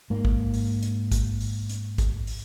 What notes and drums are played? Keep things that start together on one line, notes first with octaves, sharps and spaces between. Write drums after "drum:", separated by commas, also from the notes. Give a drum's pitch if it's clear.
G#2 A#3
drum: kick G#1
drum: open hi-hat
drum: hi-hat
drum: kick G#1, hi-hat
drum: open hi-hat
drum: hi-hat
drum: kick G#1, hi-hat
drum: open hi-hat